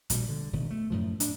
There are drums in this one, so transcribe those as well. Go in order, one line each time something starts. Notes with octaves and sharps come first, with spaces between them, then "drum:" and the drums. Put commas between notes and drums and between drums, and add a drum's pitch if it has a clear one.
A#1 B2 E3 G3, drum: hi-hat
D3
E1 B2 D#3
A3
F#2 A2 F3
D4, drum: hi-hat